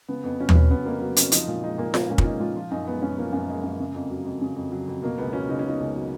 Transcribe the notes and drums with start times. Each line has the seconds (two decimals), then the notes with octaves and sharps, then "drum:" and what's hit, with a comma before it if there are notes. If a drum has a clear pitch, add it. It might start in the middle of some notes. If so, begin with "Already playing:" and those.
0.08 C#3 B3
0.24 F2 B3
0.39 F#3 C#4
0.49 B3, drum: tom D#2
0.55 F2 C#4
0.71 C#3 B3
0.85 F2 A#3
1.01 F#3 B3
1.16 F2 C#4, drum: hi-hat
1.32 F3 D#4, drum: hi-hat
1.47 A#2 F4
1.62 G#3 D#4
1.78 A#2 A#3
1.94 F3 B3, drum: snare F4
2.09 A#2 C#4
2.18 F4, drum: kick
2.24 G#3 D#4
2.40 A#2 F4
2.56 F3 F4
2.71 F#2 D#4
2.87 G#3 B3
3.02 F#2 C#4
3.18 F3 A#3
3.33 F#2
3.49 G#3
3.63 F#2
3.79 C#3
3.94 F2
4.10 F#3
4.25 F2
4.41 C#3
4.56 F2
4.72 F#3
4.88 F2
5.02 B2 A#3
5.18 C#2 B3
5.33 F#3 C#4
5.48 C#2 D#4
5.59 C#4
5.65 B2 D#4
5.80 C#2
5.96 F#3